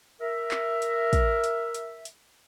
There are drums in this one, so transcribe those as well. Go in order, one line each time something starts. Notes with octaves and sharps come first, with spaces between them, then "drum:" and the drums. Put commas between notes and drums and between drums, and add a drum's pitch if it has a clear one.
A#4 E5
drum: clap
drum: hi-hat
drum: kick, hi-hat
drum: hi-hat
drum: hi-hat
drum: hi-hat